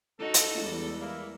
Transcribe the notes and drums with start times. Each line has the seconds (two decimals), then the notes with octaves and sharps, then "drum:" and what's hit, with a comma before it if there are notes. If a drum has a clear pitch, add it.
0.19 D#4 F#4 A4
0.34 drum: hi-hat
0.58 E2 G3 G#3
1.00 A#3 E4